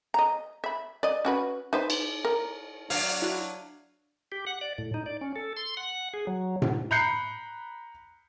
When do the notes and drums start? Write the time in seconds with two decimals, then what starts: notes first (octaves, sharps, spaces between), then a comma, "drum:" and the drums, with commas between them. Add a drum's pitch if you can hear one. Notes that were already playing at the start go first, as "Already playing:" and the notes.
0.14 D#5 A#5
0.64 E5 B5
1.03 D5 D#5
1.25 C#4 F#4 B4
1.73 D#4 B4 C5
1.90 drum: cymbal
2.25 A#4
2.90 F#3 D4 F5, drum: open hi-hat
3.22 E4 F#4
4.32 G4
4.47 F#5
4.61 D5
4.78 A2
4.94 D#4
5.06 D5
5.21 C#4
5.36 A4
5.57 C6
5.77 F#5
6.14 G#4
6.27 F#3
6.62 drum: tom A2
6.91 A#5 B5 F#6 G6 C7 C#7